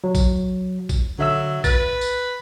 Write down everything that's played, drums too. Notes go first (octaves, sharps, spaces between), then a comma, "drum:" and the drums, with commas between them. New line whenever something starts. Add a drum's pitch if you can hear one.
F#3
drum: kick, tambourine
drum: kick, tambourine
D3 F#3 E5 E6
B4 A6, drum: kick, tambourine
drum: tambourine